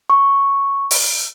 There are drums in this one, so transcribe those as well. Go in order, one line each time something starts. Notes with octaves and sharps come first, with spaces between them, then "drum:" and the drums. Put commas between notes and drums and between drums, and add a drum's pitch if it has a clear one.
C#6
drum: open hi-hat